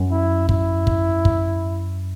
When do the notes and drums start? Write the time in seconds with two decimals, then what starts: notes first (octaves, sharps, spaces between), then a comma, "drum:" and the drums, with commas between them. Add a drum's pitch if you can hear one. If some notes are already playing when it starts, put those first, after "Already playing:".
Already playing: F#2
0.11 E4
0.49 E4, drum: kick
0.87 drum: kick
1.25 drum: kick